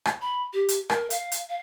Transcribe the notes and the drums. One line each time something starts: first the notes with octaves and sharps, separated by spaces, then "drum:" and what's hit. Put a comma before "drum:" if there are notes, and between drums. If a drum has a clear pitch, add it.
drum: rim click
B5
G4
drum: hi-hat
A#4, drum: rim click
F5, drum: hi-hat
drum: hi-hat
F5